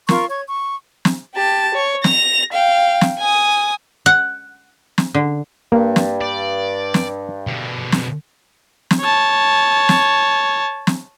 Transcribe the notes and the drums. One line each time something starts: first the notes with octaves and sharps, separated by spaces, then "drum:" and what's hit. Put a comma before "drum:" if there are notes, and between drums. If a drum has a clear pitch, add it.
F4 A#4 C6 C#6, drum: snare
C#5 C#6 G#6
C#6
drum: snare
G4 A5
C#5
A#6 F7, drum: snare
F5 G5
drum: snare
G#5 D#6
F#5
drum: snare
D3
G2 A#3
drum: snare
D5
drum: snare
B2 D3
drum: snare
drum: snare
C#5 A5
drum: snare
drum: snare